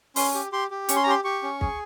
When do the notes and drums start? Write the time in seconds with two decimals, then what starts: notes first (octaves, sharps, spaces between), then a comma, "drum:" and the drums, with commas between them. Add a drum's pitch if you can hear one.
0.16 C#4 C6, drum: open hi-hat
0.34 G4
0.52 G4 C6
0.70 G4
0.89 C#4 C#6, drum: hi-hat
0.96 C6
1.04 A#5
1.07 G4 C6
1.24 G4 C#6
1.43 C#4
1.61 G#4, drum: kick